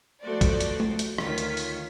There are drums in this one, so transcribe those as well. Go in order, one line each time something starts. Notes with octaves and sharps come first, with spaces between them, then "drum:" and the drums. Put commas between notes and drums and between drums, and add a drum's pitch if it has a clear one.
F3 A3 B3 F#4 C5 D5
drum: kick, hi-hat
drum: hi-hat
drum: tom G#3
drum: hi-hat
D2 D#3 F4 C#5 B6, drum: rim click
drum: hi-hat
drum: open hi-hat